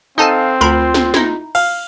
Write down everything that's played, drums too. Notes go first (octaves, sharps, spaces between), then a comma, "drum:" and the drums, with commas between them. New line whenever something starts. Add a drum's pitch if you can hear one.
C4 D#4 A4 D#5 F5 G#5 A5
D2 F4 A#4 B5 C6
drum: snare
D#4 E4, drum: snare
F5, drum: cymbal